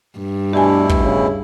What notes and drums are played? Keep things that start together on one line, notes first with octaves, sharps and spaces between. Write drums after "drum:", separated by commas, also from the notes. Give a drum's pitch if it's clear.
G2
D2 B2 D4 E4 G4 G#5
drum: kick
C#3